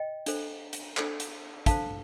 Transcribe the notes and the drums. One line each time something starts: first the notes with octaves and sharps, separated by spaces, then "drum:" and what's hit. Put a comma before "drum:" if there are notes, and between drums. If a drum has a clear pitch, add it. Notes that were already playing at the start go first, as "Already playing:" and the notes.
Already playing: D#5 G5
D4 A4 C5, drum: hi-hat
drum: hi-hat
D4 A4 C5, drum: clap
drum: hi-hat
D4 A4 C5 F5 A5, drum: kick, hi-hat